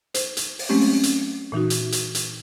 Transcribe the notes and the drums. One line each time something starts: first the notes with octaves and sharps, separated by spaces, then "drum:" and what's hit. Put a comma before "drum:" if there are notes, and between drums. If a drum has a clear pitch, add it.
C5, drum: hi-hat
drum: hi-hat
drum: open hi-hat
F#3 G#3 A3 C4 C#4 G4
drum: open hi-hat
drum: hi-hat
A#2 E3 D#4 F#4
drum: hi-hat
drum: hi-hat
drum: hi-hat